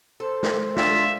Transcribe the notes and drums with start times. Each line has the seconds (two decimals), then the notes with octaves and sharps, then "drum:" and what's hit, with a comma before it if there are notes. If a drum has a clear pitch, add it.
0.20 A4 C5
0.43 drum: snare
0.76 D4 F4 E5, drum: snare